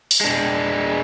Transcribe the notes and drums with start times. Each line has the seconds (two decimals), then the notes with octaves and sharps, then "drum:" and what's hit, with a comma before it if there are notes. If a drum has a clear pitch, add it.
0.11 drum: open hi-hat
0.21 G#3 D4